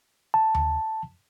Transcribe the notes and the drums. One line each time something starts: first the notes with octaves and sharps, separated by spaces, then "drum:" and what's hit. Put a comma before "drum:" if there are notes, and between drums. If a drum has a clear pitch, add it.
A5
drum: tom D#2